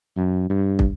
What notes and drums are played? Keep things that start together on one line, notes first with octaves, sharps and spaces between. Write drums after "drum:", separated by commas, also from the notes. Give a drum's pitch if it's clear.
F#2
G2
drum: kick